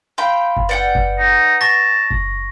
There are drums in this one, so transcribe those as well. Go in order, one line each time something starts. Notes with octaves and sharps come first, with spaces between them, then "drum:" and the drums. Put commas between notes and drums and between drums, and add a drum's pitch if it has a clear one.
F5 G5 B5 C6
drum: kick F#1
B4 D5 F#5 G5 C#7
drum: kick F#1
D#4
A5 C#6 A#6
drum: kick F#1